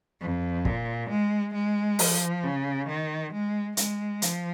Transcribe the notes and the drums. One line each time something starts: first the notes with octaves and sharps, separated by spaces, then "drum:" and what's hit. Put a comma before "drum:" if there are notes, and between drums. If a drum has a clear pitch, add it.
F2
A#2, drum: kick
G#3
G#3
F3, drum: open hi-hat
C#3
D#3
G#3
G#3, drum: hi-hat
F3, drum: hi-hat